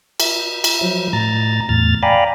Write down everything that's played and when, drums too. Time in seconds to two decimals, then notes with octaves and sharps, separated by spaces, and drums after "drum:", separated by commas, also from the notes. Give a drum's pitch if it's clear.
0.20 E5, drum: cymbal
0.64 drum: cymbal
0.81 F3 F#3
1.13 A2 A#5 A6
1.69 E2 A2 F6 A6
2.03 D5 F5 G5 G#5 A#5 B5